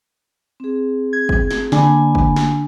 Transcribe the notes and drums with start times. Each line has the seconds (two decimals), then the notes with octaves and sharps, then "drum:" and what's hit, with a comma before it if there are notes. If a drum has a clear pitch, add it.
0.60 C4 G#4
1.13 G#6
1.29 drum: kick G1
1.51 drum: snare
1.72 D3 A#3 D4 G#5 B5, drum: snare
2.15 drum: kick G1
2.36 drum: snare